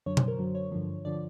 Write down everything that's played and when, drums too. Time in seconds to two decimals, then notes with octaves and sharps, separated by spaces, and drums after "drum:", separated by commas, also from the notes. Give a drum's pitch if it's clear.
0.06 F#2 D3 F#3 C#5
0.17 C5, drum: tom B2
0.28 A#4
0.39 F#2 D3 F#3
0.55 C#5
0.72 G2 D3 F3
1.05 D3 F3 D5